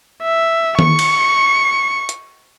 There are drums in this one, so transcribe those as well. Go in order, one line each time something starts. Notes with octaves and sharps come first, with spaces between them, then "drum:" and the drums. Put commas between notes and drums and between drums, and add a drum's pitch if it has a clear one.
E5
C#6 C#7, drum: tom D#3
drum: cymbal
drum: hi-hat